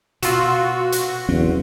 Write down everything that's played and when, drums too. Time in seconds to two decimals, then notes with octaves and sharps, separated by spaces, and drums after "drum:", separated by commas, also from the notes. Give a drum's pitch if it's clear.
0.22 B2 F4 F#4 E6, drum: hi-hat
0.92 drum: hi-hat
1.29 E2 F#3 C4 C#4